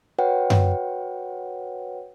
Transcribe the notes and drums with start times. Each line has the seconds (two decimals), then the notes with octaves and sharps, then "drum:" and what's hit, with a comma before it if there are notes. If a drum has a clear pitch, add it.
0.18 F#4 B4 C#5 F#5 G5
0.50 drum: tom F#2